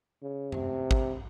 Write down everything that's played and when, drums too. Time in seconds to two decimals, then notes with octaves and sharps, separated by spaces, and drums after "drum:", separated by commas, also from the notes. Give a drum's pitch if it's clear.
0.23 C#3
0.52 C3, drum: tom F#2
0.91 drum: kick